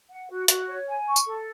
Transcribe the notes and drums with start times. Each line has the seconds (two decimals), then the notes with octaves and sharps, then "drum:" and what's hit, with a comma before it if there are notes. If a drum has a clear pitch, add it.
0.10 F#5
0.30 F#4
0.48 F#4, drum: hi-hat
0.67 C#5
0.87 G#5
1.07 C#6
1.16 drum: tambourine
1.27 A4